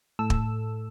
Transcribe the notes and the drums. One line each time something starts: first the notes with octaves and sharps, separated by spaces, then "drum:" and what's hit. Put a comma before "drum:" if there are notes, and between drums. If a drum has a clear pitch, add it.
A2 A4 E6
drum: kick